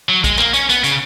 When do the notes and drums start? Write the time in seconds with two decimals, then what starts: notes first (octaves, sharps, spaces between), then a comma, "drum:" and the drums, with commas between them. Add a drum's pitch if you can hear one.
0.09 F#3
0.24 G#3, drum: kick A#1, hi-hat
0.38 A#3, drum: clap
0.54 C#4, drum: hi-hat
0.69 B3, drum: hi-hat
0.84 C#3, drum: hi-hat